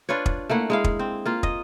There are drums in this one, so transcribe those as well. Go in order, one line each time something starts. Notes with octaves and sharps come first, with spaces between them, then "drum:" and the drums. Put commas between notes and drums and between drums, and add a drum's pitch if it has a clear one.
D4 F4 B4 C#5
drum: kick
A3 A#3 E4 F#5
G#3 E4 F5
drum: kick
C4
A#3 F4
D#5, drum: kick